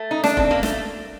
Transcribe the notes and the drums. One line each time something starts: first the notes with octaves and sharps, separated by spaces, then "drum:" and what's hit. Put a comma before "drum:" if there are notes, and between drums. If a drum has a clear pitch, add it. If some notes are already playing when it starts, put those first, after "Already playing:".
Already playing: A3
D#4
D4, drum: snare
C4, drum: kick
A#3
A3, drum: snare